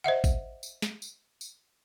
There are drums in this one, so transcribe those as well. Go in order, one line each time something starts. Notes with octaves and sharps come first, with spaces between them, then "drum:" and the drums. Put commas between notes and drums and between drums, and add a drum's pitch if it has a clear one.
C5 D#5 E5 F#5
drum: kick, tambourine
drum: tambourine
drum: snare
drum: tambourine
drum: tambourine